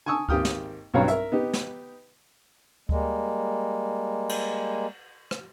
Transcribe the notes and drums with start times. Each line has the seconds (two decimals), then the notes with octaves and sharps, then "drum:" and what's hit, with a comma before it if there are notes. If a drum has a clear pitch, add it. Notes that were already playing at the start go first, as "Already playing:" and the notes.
0.06 G#5 A5 C#6 D#6 E6
0.29 G#1 A#3 G4 G5 D#6 F6, drum: kick D2
0.45 drum: snare
0.94 B1 G2 F#3 C#5 F5 A#5
1.08 A#4 E5, drum: hi-hat
1.32 B3 D#4 G4
1.53 drum: snare
2.89 G3 G#3 A#3, drum: kick D2
4.29 drum: cymbal
5.31 drum: rim click